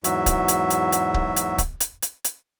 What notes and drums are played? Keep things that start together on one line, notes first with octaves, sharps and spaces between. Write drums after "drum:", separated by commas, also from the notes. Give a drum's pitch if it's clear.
E2 G#2 F#3 F#4 E5, drum: hi-hat
drum: kick C#1, hi-hat
drum: hi-hat
drum: hi-hat
drum: hi-hat
drum: kick C#1
drum: hi-hat
drum: kick C#1, hi-hat
drum: hi-hat
drum: hi-hat
drum: hi-hat